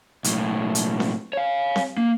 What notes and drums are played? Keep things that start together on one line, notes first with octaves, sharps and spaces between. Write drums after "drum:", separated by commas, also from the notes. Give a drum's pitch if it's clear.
B1 A2, drum: hi-hat
drum: hi-hat
drum: snare C4
C#5 F5
drum: snare C4
A#3